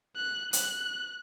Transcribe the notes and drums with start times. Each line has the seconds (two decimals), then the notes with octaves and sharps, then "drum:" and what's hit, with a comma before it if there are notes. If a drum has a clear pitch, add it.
0.16 F#6
0.53 F#6, drum: hi-hat